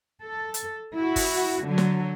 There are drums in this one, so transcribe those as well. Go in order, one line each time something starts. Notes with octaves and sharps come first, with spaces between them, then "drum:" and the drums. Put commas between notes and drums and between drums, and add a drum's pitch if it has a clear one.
A4
drum: hi-hat
E4 F#4
drum: kick F#1, open hi-hat
D3 F#3
drum: snare